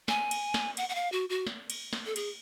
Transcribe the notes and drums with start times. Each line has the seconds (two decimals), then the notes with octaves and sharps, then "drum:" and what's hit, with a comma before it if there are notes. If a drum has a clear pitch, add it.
0.08 G#5, drum: snare
0.31 drum: cymbal
0.54 drum: snare
0.77 F#5, drum: cymbal
0.89 F#5
0.95 F5
1.12 F#4
1.29 F#4
1.47 drum: snare
1.70 drum: cymbal
1.93 drum: snare
2.06 A4
2.16 G#4, drum: cymbal